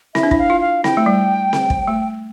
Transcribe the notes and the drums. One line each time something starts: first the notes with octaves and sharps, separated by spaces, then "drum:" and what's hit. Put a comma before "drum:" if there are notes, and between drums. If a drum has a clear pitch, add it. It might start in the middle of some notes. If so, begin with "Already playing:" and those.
E4 E5, drum: snare C4
D4
E4, drum: kick
F5
F4
F5
E4 G5, drum: snare C4
A3
G3
drum: snare C4
drum: kick
A3